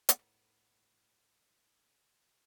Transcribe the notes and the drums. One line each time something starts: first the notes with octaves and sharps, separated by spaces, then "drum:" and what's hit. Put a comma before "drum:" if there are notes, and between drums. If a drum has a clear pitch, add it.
A2 D#3 B3, drum: hi-hat